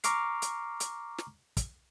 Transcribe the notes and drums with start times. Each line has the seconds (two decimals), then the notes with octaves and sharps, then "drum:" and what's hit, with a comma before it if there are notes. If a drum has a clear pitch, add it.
0.04 A#5 C#6 D6 F6 C7, drum: hi-hat
0.42 drum: hi-hat
0.80 drum: hi-hat
1.18 drum: snare
1.57 drum: kick, hi-hat